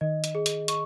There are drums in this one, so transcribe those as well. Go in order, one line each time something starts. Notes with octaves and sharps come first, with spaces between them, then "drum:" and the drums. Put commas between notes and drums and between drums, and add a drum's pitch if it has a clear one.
D#3 D#5
drum: hi-hat
G#4
drum: hi-hat
C#6, drum: hi-hat